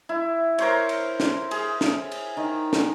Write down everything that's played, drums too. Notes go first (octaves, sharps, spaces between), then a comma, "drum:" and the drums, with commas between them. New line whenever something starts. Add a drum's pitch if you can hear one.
E4
A#4 C5 C#5, drum: cymbal
drum: cymbal
drum: snare
G#4, drum: cymbal
drum: snare
drum: cymbal
D#3
drum: snare